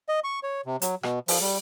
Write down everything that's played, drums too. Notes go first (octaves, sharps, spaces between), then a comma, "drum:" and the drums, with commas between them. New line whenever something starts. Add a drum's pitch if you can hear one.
D#5
C#6
C#5
C3
F#3, drum: hi-hat
B2, drum: rim click
F3, drum: open hi-hat
G3